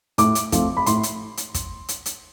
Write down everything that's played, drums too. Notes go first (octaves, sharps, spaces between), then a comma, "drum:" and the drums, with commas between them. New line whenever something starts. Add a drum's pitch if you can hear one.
A2 D6, drum: hi-hat
drum: hi-hat
F3 A3 C4 F4, drum: kick, hi-hat
B5
A2 C6, drum: hi-hat
drum: hi-hat
drum: hi-hat
drum: kick, hi-hat
drum: hi-hat
drum: hi-hat